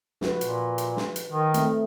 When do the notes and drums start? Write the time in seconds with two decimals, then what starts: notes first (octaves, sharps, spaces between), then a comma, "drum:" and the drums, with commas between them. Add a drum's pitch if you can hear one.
0.21 F3 F#4 B4, drum: snare
0.41 A#2, drum: hi-hat
0.78 drum: hi-hat
0.97 drum: snare
1.16 drum: hi-hat
1.31 D#3
1.54 A3 C4, drum: hi-hat